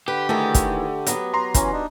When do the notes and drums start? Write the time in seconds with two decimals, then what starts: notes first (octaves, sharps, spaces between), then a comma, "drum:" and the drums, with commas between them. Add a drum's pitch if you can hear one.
0.08 D3 G4 B4
0.29 D#3 E3 A3 G#4
0.54 drum: kick, hi-hat
1.07 F#3 B3, drum: hi-hat
1.34 A#5 C6
1.54 E3 C#4, drum: kick, hi-hat
1.73 D4 D#4